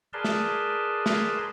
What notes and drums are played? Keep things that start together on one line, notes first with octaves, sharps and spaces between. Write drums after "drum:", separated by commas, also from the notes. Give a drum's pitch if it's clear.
G#4 A#4 B4 D5 A5 C6
drum: snare
drum: snare